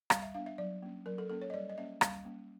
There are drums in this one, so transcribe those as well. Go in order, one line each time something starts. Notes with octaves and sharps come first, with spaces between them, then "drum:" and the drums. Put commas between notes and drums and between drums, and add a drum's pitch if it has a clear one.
G3 F5, drum: rim click
E5
B3 D4 F5
E5
F#3 D5
A#3 C#4
F#3 A#4
A4
A#3 C#4 A4
C#5
D#5
G3 D5
D#5
A#3 C#4 E5
G3 F5, drum: rim click
A#3 C#4